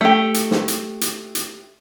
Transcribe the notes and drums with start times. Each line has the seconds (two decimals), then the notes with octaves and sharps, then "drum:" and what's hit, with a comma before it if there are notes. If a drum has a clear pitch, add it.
0.01 A3 G4
0.34 drum: hi-hat
0.51 drum: snare
0.68 drum: hi-hat
1.01 drum: hi-hat
1.35 drum: hi-hat